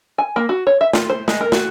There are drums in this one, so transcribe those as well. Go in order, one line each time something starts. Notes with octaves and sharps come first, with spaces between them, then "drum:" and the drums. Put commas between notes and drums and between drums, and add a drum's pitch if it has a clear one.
G#5
A#3
F#4
C#5
E5
F4, drum: snare
C5
G#3, drum: snare
A#4
F#4, drum: snare